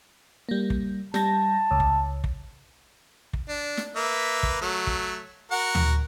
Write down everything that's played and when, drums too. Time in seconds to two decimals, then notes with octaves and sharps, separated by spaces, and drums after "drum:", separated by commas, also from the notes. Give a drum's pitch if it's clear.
0.49 G3 A#3
0.70 drum: kick
1.14 G3 A5 A#6, drum: snare
1.71 C#2
1.80 drum: kick
2.24 drum: kick
3.33 drum: kick
3.49 D4
3.77 drum: snare
3.96 A#3 B4 E5
4.43 drum: kick
4.61 F#3 A3
4.87 drum: kick
5.51 F#4 A#4 F#5
5.75 drum: tom